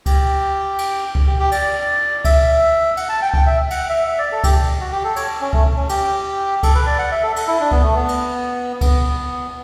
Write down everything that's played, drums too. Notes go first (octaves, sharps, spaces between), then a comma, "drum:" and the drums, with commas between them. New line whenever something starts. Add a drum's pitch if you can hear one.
G4, drum: kick C#2, cymbal
drum: cymbal
drum: kick C#2
G4
G4
D5, drum: cymbal
E5, drum: kick C#2, cymbal
F#5, drum: cymbal
A5
G5
G5, drum: kick C#2
E5
F#5, drum: cymbal
E5
E5
D5
A4
G4, drum: kick C#2, cymbal
F#4
G4
A4
C#5, drum: cymbal
C#4
A3, drum: kick C#2
C#4
G4, drum: cymbal
A4, drum: kick C#2, cymbal
B4
D5
F#5
E5
A4
A4, drum: cymbal
E4
D4
B3, drum: kick C#2
A3
B3
drum: cymbal
B3, drum: kick C#2, cymbal